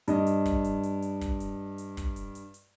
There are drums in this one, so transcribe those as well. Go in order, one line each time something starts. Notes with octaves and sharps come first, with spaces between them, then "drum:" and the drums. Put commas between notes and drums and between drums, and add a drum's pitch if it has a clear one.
G2 D#5, drum: hi-hat
drum: hi-hat
drum: kick, hi-hat
drum: hi-hat
drum: hi-hat
drum: hi-hat
drum: kick, hi-hat
drum: hi-hat
drum: hi-hat
drum: kick, hi-hat
drum: hi-hat
drum: hi-hat
drum: hi-hat